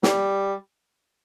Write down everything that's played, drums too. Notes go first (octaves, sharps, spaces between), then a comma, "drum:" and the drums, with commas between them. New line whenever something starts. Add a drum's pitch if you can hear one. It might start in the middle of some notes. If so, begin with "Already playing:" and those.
G3, drum: snare